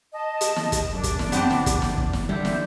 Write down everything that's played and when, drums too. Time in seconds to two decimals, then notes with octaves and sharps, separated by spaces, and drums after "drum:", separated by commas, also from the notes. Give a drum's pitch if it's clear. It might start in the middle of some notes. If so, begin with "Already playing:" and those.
0.13 D#5 A5
0.41 drum: hi-hat
0.56 drum: snare
0.72 drum: kick, hi-hat
0.94 F#2 D4
1.03 drum: kick, hi-hat
1.19 drum: snare
1.32 F#1 B3 C4 A5, drum: hi-hat
1.51 drum: snare
1.66 drum: kick, hi-hat
1.82 drum: snare
1.98 drum: kick
2.13 drum: snare
2.29 D3 G3 E5 G6
2.45 drum: snare